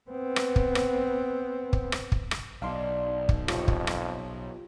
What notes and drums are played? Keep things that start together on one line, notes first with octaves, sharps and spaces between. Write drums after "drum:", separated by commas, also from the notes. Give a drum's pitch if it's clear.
B3 C4
drum: rim click
drum: kick
drum: rim click
drum: kick
drum: rim click
drum: kick
drum: rim click
B1 D4 D#4 F5 C6
drum: kick
F2 C3 F3 F4 G4 C#5, drum: rim click
drum: kick
drum: rim click